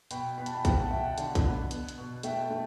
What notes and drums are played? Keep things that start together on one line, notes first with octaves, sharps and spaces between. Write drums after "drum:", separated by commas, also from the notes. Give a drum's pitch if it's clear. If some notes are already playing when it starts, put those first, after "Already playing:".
B2 G5 B5, drum: hi-hat
B3 B5
A5, drum: hi-hat
G5 B5
B3 G5 B5, drum: kick A#1, hi-hat
F#5 A5
B2 E5 G5
F#5 A5
D3 D5 F#5, drum: hi-hat
drum: kick A#1, hi-hat
B3
B3, drum: hi-hat
drum: hi-hat
B2
A3 E5 G5, drum: hi-hat
A3